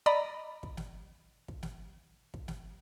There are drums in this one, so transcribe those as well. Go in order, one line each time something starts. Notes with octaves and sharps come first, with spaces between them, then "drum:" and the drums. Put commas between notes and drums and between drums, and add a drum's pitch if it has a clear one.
D5 D#5 A#5 B5
drum: kick
drum: snare
drum: kick
drum: snare
drum: kick
drum: snare